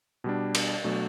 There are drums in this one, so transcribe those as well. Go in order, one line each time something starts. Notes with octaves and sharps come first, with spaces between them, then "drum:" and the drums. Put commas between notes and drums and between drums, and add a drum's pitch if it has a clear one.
B2 G3 D4
drum: cymbal
B2 F#3 A3 D4